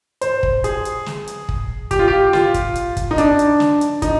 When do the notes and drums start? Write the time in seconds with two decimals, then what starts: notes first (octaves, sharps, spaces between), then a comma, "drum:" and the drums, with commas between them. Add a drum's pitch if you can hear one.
0.21 C5, drum: hi-hat
0.43 drum: kick
0.64 G#4, drum: hi-hat
0.85 drum: hi-hat
1.06 drum: snare
1.27 drum: hi-hat
1.49 drum: kick
1.91 G4, drum: kick, hi-hat
1.99 F4
2.08 G4
2.33 F4, drum: snare
2.54 drum: kick, hi-hat
2.75 drum: hi-hat
2.97 drum: kick, hi-hat
3.11 D#4
3.18 D4, drum: hi-hat
3.39 drum: hi-hat
3.60 drum: snare
3.81 drum: hi-hat
4.02 D#4, drum: kick, hi-hat